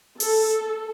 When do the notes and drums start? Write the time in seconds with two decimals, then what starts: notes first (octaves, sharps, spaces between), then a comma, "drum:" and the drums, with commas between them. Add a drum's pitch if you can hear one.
0.20 A4, drum: open hi-hat